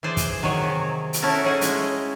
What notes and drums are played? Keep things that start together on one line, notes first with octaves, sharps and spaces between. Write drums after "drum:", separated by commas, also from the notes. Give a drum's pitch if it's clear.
E3 G#4 C5 D5
drum: kick, hi-hat
D#3 F#3 G#4 C#5
C3
drum: hi-hat
C#4 E4 F#4 A4 A#4
C#4 D#4 F#4 G#4 F#5
G#3 C#4 D#4 E4, drum: hi-hat